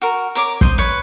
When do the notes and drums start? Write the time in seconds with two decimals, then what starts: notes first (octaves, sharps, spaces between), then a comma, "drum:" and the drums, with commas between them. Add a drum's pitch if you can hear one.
0.02 F#4 A#4
0.35 A#4 C#5 D6
0.61 C5 D#5, drum: kick
0.78 B4 C#5